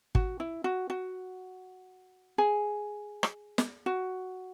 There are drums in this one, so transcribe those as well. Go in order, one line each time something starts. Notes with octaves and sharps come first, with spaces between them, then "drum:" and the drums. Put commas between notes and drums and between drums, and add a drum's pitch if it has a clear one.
F#4, drum: kick
E4
F#4
F#4
G#4
drum: rim click
drum: snare
F#4